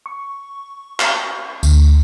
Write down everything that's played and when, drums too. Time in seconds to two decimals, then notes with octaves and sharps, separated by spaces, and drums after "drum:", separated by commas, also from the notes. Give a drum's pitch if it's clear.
0.06 C#6
1.00 drum: clap
1.63 D2, drum: tambourine